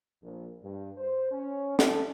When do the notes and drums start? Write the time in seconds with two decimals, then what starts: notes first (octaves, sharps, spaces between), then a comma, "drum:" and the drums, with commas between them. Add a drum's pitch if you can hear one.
0.23 A#1
0.63 G2
0.98 C5
1.31 C#4
1.79 A4, drum: snare